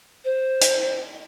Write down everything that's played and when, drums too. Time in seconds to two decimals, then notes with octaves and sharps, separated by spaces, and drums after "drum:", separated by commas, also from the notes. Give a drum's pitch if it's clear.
0.24 C5
0.61 drum: hi-hat